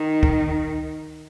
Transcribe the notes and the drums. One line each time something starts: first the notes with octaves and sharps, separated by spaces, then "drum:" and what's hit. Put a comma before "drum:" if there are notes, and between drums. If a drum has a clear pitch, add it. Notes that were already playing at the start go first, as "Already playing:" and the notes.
Already playing: D#3
drum: kick